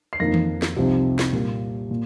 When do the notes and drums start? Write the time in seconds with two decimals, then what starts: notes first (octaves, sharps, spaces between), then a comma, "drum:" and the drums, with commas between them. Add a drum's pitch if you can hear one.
0.13 C7
0.20 F2 D#3 A#3 D#4 A#6
0.34 drum: tom D#3
0.62 drum: snare
0.76 C2 C3 F3 C4 D#4
1.19 drum: snare
1.33 A#2 G3 A#3
1.91 A#2